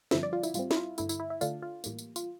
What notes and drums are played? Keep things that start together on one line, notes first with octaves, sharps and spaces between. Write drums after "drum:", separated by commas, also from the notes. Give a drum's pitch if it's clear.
G2 D3 F3 C4 E5, drum: snare
D5
F4
E4, drum: tambourine
A2 G3 C4 F4, drum: tambourine
E4, drum: snare
F4
G2 D3 A3 E4, drum: tambourine
E4, drum: tambourine
E4
E4
D3 A3 D4 F4, drum: tambourine
F4
A2 E3 G3 A#3, drum: tambourine
drum: tambourine
F4, drum: tambourine